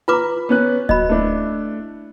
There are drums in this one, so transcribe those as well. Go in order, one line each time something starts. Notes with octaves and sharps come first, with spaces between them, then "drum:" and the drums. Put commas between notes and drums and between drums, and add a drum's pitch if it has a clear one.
F4 B4 A#5 B5 D6
B3 C#4 F#6
F#3 D#5 B5, drum: kick D1
A3 D4 E4